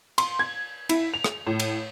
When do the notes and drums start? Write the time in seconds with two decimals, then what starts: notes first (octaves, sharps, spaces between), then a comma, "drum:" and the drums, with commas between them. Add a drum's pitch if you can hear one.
0.18 C6, drum: cymbal
0.39 G#6
0.89 E4, drum: cymbal
1.14 F7
1.24 drum: rim click
1.47 A2
1.60 drum: cymbal